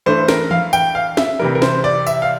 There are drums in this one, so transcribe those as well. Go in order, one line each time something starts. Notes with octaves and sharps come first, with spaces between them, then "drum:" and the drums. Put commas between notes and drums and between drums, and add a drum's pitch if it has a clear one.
G2 E3 A3 C5
A#4, drum: snare
F5, drum: tom E3
G5, drum: tambourine
F5
E5, drum: snare
C3 E3 G3 A#4
A#4
C5, drum: snare
D5
E5, drum: tambourine
F5